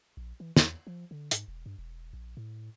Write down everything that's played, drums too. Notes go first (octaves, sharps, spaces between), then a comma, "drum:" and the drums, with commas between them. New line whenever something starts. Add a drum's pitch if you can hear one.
A#1
E3
E2, drum: snare
F3
D3
G#2, drum: hi-hat
E1
G2
E1
A#1
A2